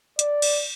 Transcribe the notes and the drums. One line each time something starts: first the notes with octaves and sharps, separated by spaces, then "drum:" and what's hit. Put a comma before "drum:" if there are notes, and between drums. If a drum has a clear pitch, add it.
D5, drum: hi-hat
drum: cymbal